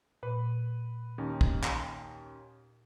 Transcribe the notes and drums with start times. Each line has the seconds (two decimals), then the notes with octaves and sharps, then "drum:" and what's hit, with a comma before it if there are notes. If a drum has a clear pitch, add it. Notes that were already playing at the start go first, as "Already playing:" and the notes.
0.23 A#2 B4
1.18 D#2 C#4 D#4
1.41 drum: kick
1.64 drum: clap